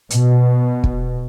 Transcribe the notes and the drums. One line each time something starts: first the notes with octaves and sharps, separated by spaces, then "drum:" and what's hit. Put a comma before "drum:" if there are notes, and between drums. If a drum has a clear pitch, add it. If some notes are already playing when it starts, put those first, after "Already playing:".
B2, drum: hi-hat
drum: kick